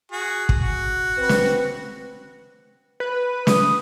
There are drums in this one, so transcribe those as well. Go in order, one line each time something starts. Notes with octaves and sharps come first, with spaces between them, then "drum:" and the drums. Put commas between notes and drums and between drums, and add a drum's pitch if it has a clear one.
F#4 G#4
drum: kick
F#4
C4 B4
drum: snare
B4
D#6, drum: snare